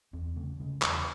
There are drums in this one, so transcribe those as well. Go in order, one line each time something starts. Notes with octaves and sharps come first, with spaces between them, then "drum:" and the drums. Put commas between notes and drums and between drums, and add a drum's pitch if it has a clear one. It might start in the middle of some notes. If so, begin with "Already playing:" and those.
E2 C4
C#3 A3
C#3 G#3
E2 F#3, drum: clap